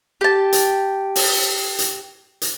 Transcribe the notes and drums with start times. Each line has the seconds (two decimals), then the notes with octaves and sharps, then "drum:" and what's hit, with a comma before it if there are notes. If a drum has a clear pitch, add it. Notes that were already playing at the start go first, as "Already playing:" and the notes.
0.21 G4 A5
0.52 drum: hi-hat
1.16 drum: open hi-hat
1.79 drum: hi-hat
2.42 drum: hi-hat